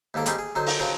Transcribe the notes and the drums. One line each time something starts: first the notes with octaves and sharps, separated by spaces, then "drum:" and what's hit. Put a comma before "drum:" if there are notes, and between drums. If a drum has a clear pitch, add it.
D#2 G#2 A#3 A4 D6
G3 C4 D#4 G4 G#4, drum: hi-hat
G#4
D3 F#3 D#4 C5
drum: open hi-hat
C#3 F3 F#3 C5